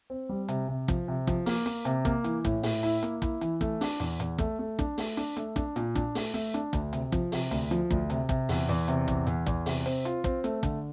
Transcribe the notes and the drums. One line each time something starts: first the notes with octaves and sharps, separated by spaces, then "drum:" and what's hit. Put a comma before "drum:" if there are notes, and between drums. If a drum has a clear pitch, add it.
C4
G3
C3, drum: hi-hat
C3
F3, drum: kick, hi-hat
C3
F3, drum: kick, hi-hat
A#3, drum: open hi-hat
A#3, drum: hi-hat
C3, drum: hi-hat
A#3, drum: kick, hi-hat
E3, drum: hi-hat
A2, drum: kick, hi-hat
A2, drum: open hi-hat
E4, drum: hi-hat
A#3, drum: hi-hat
E4, drum: kick, hi-hat
E3, drum: hi-hat
A3, drum: kick, hi-hat
D4, drum: open hi-hat
E2, drum: hi-hat
E2, drum: hi-hat
A3, drum: kick, hi-hat
A3
D4, drum: kick, hi-hat
A3, drum: open hi-hat
D4, drum: hi-hat
A3, drum: hi-hat
D4, drum: kick, hi-hat
A#2, drum: hi-hat
D4, drum: kick, hi-hat
A3, drum: open hi-hat
A3, drum: hi-hat
D4, drum: hi-hat
D2, drum: kick, hi-hat
C3, drum: hi-hat
F3, drum: kick, hi-hat
C3, drum: open hi-hat
D2, drum: hi-hat
F3, drum: hi-hat
D2, drum: kick
C3, drum: hi-hat
C3, drum: kick, hi-hat
E2, drum: open hi-hat
E2, drum: hi-hat
C3, drum: hi-hat
E2, drum: kick, hi-hat
E2, drum: hi-hat
E2, drum: kick, hi-hat
C3, drum: open hi-hat
C4, drum: hi-hat
F4, drum: hi-hat
C4, drum: kick, hi-hat
A3, drum: hi-hat
D3, drum: kick, hi-hat